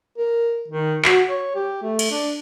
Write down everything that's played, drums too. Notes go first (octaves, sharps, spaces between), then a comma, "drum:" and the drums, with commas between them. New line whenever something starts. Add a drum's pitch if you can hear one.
A#4
D#3
F#4, drum: clap
C#5
G4
A3
drum: cymbal
D4